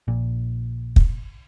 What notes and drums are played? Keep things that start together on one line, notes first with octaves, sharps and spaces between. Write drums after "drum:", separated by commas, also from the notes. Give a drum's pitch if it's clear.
A#1 A#2
drum: kick